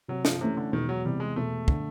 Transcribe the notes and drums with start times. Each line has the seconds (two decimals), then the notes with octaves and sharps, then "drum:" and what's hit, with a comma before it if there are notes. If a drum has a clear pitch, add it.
0.08 C3 F#3
0.25 F3, drum: snare
0.41 C3 E3 A3 C#4
0.57 D3
0.72 E1 D#3
0.89 F#3
1.05 E2 C3 G3
1.20 G#3
1.36 E1 A3
1.68 D3, drum: kick